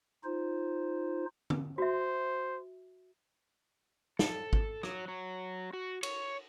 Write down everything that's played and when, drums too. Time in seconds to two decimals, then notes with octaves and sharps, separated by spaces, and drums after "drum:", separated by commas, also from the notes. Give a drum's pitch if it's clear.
0.24 D#4 F4 C5
1.50 drum: tom D3
1.78 F#4 C5 E5
4.19 A4, drum: snare
4.53 drum: kick G#1
4.83 F#3, drum: rim click
5.08 F#3
5.73 F#4
6.03 C#5, drum: cymbal